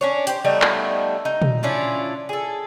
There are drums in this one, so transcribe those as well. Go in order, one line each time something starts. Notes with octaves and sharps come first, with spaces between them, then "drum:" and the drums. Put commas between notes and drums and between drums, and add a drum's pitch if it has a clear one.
C#4 D4 C#5
G4 C5, drum: hi-hat
G3 A3 B3 D#4
drum: clap
D#4
drum: tom
C#4 D4 E4 F4
G#4 A4